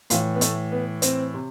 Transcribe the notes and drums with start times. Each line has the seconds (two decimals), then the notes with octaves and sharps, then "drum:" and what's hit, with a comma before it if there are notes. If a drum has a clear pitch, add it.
0.10 A2 E3 F4, drum: hi-hat
0.35 B3
0.41 A3, drum: hi-hat
0.72 B3
1.02 C4, drum: hi-hat
1.34 C3